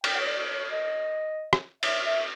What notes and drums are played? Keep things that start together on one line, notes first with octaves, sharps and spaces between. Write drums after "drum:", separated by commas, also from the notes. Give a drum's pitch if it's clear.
G5, drum: cymbal
C#5
D5
C#5
D#5
drum: rim click
E5, drum: cymbal
E5